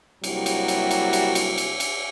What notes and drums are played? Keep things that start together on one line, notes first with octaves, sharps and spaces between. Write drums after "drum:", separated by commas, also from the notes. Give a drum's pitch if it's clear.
C3 F#3 G3 A#3 E4 F#4, drum: cymbal
drum: cymbal
drum: cymbal
drum: cymbal
drum: cymbal
drum: cymbal
drum: cymbal
drum: cymbal